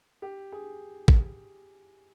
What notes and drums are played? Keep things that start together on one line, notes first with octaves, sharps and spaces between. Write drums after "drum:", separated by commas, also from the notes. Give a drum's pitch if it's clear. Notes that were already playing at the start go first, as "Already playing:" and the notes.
G4
G#4
drum: kick A1